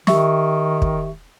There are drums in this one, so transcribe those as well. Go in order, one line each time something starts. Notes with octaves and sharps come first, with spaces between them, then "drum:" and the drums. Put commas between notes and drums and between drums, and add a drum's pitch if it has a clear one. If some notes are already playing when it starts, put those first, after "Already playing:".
D#3 G4 E5 C#6, drum: snare
drum: kick